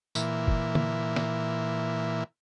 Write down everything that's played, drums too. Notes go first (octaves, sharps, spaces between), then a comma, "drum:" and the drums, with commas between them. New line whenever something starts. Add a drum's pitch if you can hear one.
A#2 E3, drum: tambourine
drum: kick
drum: tom
drum: snare